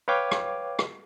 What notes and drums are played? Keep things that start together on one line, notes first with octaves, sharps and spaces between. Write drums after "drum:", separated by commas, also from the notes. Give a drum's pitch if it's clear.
B4 C#5 F5 G5 D6 G#6
drum: rim click
drum: rim click